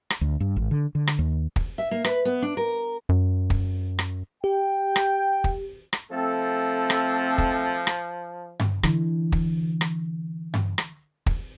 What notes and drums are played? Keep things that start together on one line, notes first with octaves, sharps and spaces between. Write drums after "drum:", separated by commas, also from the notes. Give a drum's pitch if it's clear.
drum: rim click
D2
G2
G#1
D3
D3
drum: rim click
D#2
drum: kick
E5
A#3
B4, drum: rim click
B3
D4
A#4
F#2
drum: kick
drum: rim click
G4 G5
drum: rim click
drum: kick
drum: rim click
F3 A3 C4 A4
drum: rim click
drum: kick
drum: rim click
drum: tom G2
D3 E3, drum: rim click
drum: kick
drum: rim click
drum: tom G2
drum: rim click
drum: kick